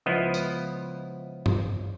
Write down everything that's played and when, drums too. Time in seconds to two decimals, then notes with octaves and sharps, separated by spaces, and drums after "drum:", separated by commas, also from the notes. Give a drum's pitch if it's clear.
0.06 C#2 F3 B3 E4 D#5
0.34 drum: tambourine
1.46 drum: tom G2